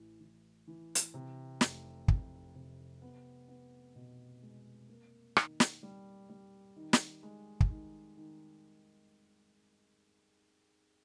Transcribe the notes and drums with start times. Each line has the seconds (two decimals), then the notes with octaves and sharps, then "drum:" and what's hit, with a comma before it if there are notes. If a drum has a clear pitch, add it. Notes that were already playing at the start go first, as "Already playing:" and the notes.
Already playing: A1 E3
0.21 E3
0.68 E3
0.95 drum: hi-hat
1.14 C3
1.61 F1, drum: snare
2.08 F1, drum: kick
2.55 C3
3.02 B3
3.48 B3
3.96 B2
4.42 G#3
4.89 A#3
5.37 D#3, drum: rim click
5.60 drum: snare
5.83 G3
6.29 G3
6.76 D#3
6.93 drum: snare
7.23 G#3
7.60 drum: kick
7.70 D#3
8.17 D#3